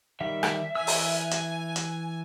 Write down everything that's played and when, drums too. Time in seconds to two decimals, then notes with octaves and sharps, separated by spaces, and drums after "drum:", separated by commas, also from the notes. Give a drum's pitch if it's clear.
0.21 D#3 G3 E5
0.43 drum: rim click
0.75 E3 G#5 E6
0.87 drum: open hi-hat
1.31 drum: hi-hat
1.76 drum: hi-hat